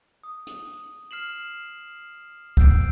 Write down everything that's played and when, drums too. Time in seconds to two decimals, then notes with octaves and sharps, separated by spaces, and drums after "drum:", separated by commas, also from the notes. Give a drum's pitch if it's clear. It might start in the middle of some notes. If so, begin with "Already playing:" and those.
0.24 D#6
0.47 drum: hi-hat
1.11 F6 C7 E7 F#7
2.57 E6 G6 C7 D7, drum: kick